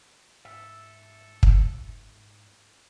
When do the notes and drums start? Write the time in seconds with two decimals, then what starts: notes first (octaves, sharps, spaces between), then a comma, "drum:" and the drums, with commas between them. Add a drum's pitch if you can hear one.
0.45 G#2 A4 E5
1.43 drum: kick